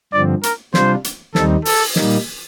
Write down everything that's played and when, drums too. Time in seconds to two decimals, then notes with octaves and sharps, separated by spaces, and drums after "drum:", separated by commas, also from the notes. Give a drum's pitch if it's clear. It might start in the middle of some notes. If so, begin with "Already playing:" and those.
0.13 G2 D3 F3 C4 D5
0.43 A#4, drum: hi-hat
0.74 C3 G3 D4 F4 C5, drum: snare
1.04 drum: hi-hat
1.35 D#2 D#3 G3 C4 D#4 A4, drum: snare
1.65 A4, drum: open hi-hat
1.96 A#2 G3 A#3 D#4, drum: snare